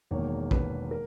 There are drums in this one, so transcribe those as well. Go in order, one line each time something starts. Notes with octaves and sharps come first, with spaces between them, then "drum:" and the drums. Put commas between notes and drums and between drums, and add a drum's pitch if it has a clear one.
E1 E2 D#3 A#3 C#5
B4, drum: kick
A#4